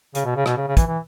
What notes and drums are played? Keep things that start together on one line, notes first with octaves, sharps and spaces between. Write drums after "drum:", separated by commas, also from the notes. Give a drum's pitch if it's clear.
C#3, drum: hi-hat
B2
C#3
B2, drum: rim click
C#3
C#3
E3, drum: kick, hi-hat
E3